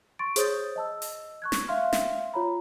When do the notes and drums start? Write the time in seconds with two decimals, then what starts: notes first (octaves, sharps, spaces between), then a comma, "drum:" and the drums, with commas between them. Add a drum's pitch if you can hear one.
0.19 C6 C#6 A6 D7
0.36 G#4 C5 C#5 D#6 G6 A6, drum: hi-hat
0.76 D#5 A5 E6
1.02 drum: open hi-hat
1.42 C#6 F#6 G#6
1.52 drum: snare
1.68 E5 F5 C6 F6
1.93 drum: snare
2.34 F4 C#5 A#5 B5